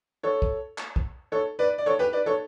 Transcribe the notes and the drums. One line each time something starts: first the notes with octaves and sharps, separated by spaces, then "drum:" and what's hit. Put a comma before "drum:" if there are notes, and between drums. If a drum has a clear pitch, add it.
A4 C#5
drum: kick
drum: clap
drum: kick
A4 C#5
B4 D5
D5
A4 C#5
G4 B4
B4 D5
A4 C#5